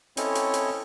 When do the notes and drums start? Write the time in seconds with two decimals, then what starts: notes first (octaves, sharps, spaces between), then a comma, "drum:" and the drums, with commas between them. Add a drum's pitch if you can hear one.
0.17 C4 C#4 E4 A4 C#5 D#5, drum: hi-hat
0.35 drum: hi-hat
0.54 drum: hi-hat